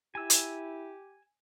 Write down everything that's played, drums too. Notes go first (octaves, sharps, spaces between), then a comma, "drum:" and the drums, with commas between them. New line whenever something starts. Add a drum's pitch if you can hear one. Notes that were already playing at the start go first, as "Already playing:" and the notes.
E4 G4 G#5 E6
drum: hi-hat